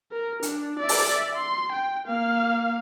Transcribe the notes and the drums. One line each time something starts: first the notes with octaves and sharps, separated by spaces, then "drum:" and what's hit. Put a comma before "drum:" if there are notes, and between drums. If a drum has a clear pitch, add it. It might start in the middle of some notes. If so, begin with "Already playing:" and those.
A#4
D4, drum: hi-hat
D5 E5
drum: open hi-hat
C6
G5
A#3 F5